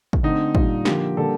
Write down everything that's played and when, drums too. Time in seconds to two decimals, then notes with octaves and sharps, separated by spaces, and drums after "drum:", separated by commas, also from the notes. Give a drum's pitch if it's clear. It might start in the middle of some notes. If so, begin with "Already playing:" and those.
0.13 drum: kick
0.23 D3 A3 C4 D#4
0.55 A#2 G3 D4 F4, drum: kick
0.85 D3 F3 A#3 G4, drum: snare
1.17 D3 G3 A#3 D4 A4